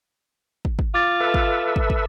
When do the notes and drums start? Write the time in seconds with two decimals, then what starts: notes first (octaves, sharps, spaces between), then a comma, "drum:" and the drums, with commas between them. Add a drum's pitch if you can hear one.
0.65 drum: kick
0.79 drum: kick
0.94 F4 D6 A6
1.20 A4 B4 E5
1.34 drum: kick
1.76 drum: kick
1.90 drum: kick